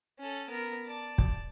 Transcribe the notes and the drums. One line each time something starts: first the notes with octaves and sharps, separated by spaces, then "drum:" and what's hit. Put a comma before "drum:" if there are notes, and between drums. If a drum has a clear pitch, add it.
C#4 A4
B3 A#4
D5 A5
drum: kick